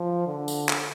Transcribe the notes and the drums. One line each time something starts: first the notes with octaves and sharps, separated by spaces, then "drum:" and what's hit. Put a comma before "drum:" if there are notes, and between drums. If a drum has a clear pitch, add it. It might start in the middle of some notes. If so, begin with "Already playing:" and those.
Already playing: F3
D3
drum: tambourine
drum: clap